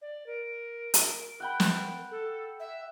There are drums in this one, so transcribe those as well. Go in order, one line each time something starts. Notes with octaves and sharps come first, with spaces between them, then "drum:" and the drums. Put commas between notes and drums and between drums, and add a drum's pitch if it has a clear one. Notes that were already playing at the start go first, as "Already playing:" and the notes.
D5
A#4
drum: hi-hat
F#5 G5 B5
drum: snare
A4
E5